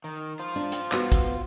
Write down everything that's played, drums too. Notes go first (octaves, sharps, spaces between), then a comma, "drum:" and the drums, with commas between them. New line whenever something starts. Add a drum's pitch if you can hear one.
D#3
F4 C5
D4
drum: hi-hat
B3 F#4, drum: clap
drum: kick, hi-hat